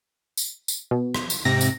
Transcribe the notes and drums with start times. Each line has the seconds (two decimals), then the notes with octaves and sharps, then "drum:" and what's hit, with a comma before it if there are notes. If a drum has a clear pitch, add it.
0.37 drum: tambourine
0.68 drum: tambourine
0.91 B2
1.15 drum: rim click
1.30 drum: tambourine
1.45 G#2 C3 C4 A#6
1.61 drum: tambourine